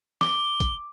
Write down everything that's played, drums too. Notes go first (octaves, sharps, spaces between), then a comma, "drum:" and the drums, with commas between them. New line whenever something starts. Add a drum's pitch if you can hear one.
D6 G7, drum: snare
drum: kick, hi-hat